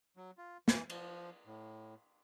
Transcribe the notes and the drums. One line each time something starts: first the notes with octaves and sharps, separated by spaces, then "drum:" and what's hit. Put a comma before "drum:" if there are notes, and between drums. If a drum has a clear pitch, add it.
F#3
F4
E3, drum: snare
F3, drum: cymbal
A2